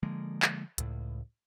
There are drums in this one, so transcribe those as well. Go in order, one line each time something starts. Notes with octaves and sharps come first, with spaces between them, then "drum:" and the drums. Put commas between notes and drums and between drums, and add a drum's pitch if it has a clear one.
D3 F3 G#3 A#3
drum: clap
C#2 A2, drum: hi-hat